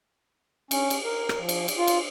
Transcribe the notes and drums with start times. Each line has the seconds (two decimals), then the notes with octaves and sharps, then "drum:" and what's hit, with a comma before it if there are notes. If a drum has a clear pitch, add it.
0.71 C#4, drum: cymbal
0.90 drum: cymbal
1.05 A#4
1.29 drum: rim click
1.39 F3
1.49 drum: cymbal
1.68 drum: cymbal
1.78 F4
1.87 drum: cymbal